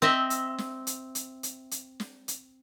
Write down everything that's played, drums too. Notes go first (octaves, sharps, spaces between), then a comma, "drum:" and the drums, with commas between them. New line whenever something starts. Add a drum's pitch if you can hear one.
C4 D#5 E5
drum: hi-hat
drum: snare
drum: hi-hat
drum: hi-hat
drum: hi-hat
drum: hi-hat
drum: snare
drum: hi-hat